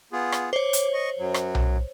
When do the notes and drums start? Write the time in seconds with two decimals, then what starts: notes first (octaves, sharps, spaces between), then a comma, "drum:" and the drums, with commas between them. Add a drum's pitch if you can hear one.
0.12 B3 F4 G#4
0.32 drum: rim click
0.53 C5 C#5 D6
0.73 drum: hi-hat
0.93 D#5 C#6
1.19 F#2 F#3
1.34 drum: rim click
1.55 drum: tom B1